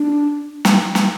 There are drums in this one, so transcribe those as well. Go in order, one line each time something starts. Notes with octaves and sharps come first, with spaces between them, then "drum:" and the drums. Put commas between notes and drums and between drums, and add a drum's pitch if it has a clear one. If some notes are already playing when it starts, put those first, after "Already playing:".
Already playing: D4
drum: snare
drum: snare